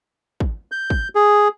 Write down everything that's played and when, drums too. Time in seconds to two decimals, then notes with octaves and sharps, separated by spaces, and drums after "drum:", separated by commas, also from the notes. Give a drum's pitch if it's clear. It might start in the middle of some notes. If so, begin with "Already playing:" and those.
0.40 drum: kick
0.72 G6
0.90 drum: kick
1.15 G#4